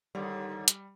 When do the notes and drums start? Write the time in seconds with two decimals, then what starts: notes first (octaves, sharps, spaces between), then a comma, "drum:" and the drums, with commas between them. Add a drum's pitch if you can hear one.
0.15 D#2 G#2 D3 G3
0.68 drum: hi-hat